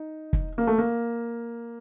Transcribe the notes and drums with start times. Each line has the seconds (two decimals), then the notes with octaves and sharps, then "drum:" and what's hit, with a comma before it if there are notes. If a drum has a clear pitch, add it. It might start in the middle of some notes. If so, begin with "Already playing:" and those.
Already playing: D#4
0.33 drum: kick
0.58 A#3
0.67 A3
0.78 A#3